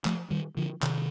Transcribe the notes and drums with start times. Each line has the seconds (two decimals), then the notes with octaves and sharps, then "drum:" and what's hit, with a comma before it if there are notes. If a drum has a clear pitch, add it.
0.05 F3 A3, drum: clap
0.30 D#3 G3
0.57 D3 F3
0.82 C3 D#3, drum: clap